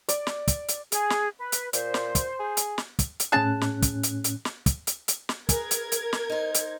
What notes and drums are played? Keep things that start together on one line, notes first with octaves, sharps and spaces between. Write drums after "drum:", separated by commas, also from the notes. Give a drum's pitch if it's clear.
D5, drum: hi-hat
drum: snare
drum: kick, hi-hat
drum: hi-hat
G#4, drum: hi-hat
drum: snare
B4
drum: hi-hat
A#2 C5, drum: hi-hat
drum: snare
drum: kick, hi-hat
G#4
drum: hi-hat
drum: snare
drum: kick, hi-hat
drum: hi-hat
A2 C#4 G#4 A5 F#6
drum: snare
drum: kick, hi-hat
drum: hi-hat
drum: hi-hat
drum: snare
drum: kick, hi-hat
drum: hi-hat
drum: hi-hat
drum: snare
G#4 A#4 B4 G#6, drum: kick, hi-hat
drum: hi-hat
drum: hi-hat
drum: snare
D#4 C5
drum: hi-hat